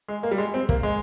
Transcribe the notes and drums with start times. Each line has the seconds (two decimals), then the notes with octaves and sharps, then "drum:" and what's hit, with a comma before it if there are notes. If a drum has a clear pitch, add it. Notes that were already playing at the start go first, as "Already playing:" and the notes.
0.08 G#3
0.23 A#3
0.31 G3
0.38 G#3
0.54 C4
0.69 A#3, drum: kick
0.83 G#3